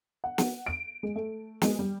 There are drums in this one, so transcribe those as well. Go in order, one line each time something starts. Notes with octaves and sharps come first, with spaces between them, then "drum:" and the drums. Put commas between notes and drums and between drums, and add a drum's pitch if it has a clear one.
F#5
drum: snare
D7
G#3
A3
G#3, drum: snare
G3